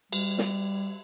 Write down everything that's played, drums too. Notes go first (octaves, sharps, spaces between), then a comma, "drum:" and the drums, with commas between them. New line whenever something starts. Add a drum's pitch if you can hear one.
G3, drum: cymbal
drum: snare